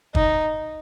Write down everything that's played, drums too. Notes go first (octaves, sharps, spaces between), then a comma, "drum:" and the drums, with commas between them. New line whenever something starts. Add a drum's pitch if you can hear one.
D#4, drum: kick